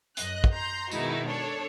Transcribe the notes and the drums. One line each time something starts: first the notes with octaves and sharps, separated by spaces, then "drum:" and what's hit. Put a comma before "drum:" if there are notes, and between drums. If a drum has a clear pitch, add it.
F#2 D#5 F#6, drum: hi-hat
drum: kick
A#5 C6 G6
B2 D#3 G#3 D#4 E4 F#4, drum: tambourine
D4 A4 C#5